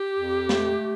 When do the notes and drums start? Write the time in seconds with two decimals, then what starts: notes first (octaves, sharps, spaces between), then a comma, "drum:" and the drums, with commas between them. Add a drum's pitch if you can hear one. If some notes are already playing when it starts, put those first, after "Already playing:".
Already playing: G4
0.18 F2
0.49 A3, drum: snare